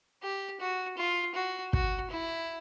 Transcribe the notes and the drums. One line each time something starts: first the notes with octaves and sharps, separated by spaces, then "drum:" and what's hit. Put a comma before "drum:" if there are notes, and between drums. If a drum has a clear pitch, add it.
G4
F#4
F4
F#4
F#4, drum: kick
E4